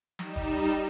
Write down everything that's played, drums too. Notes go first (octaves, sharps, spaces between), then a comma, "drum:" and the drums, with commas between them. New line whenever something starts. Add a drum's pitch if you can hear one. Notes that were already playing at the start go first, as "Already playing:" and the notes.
G3 D#4 E7, drum: snare
drum: kick